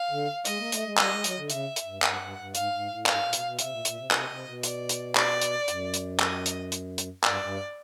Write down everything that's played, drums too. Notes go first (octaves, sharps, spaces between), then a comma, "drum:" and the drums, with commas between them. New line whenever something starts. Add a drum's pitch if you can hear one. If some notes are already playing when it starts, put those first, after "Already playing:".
Already playing: F5
D3
G#3 D#5, drum: hi-hat
A#3
A3, drum: hi-hat
G#3
G3 D#5, drum: clap
G#3
F#3, drum: hi-hat
D3
C#3 E5, drum: hi-hat
drum: hi-hat
G2
G2 F#5, drum: clap
G2
G2
G#2 F5, drum: hi-hat
G#2
A2
G#2 F5, drum: clap
A#2
B2, drum: hi-hat
B2
C3 E5, drum: hi-hat
A#2
A#2, drum: hi-hat
C3
C3 D#5, drum: clap
C3
B2
D5, drum: hi-hat
drum: hi-hat
D5, drum: clap
drum: hi-hat
F#2, drum: hi-hat
drum: hi-hat
D#5, drum: clap
drum: hi-hat
drum: hi-hat
drum: hi-hat
G2 D5, drum: clap
G2